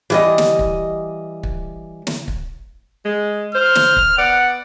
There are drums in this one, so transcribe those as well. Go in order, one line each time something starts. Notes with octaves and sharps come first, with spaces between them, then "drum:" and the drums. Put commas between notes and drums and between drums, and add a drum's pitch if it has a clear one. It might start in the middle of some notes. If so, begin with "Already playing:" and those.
E3 G3 D#5
drum: snare
drum: kick
drum: kick
drum: snare
drum: kick
G#3
C5 F6
drum: snare
drum: kick
B3 D5 F#5